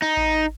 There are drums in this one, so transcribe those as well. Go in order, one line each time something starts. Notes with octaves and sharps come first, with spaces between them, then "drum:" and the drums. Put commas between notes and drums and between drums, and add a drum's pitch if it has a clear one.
D#4
drum: kick A1